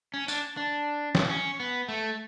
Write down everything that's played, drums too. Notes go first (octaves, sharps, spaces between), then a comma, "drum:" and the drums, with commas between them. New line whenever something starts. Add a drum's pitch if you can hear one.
C#4
D4, drum: tambourine
D4
drum: snare
C#4
B3
A3